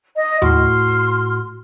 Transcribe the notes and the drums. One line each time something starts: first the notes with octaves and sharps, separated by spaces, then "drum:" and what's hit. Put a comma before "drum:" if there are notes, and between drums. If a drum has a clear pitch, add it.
D#5
A2 F#4 C6 F6, drum: tom D#2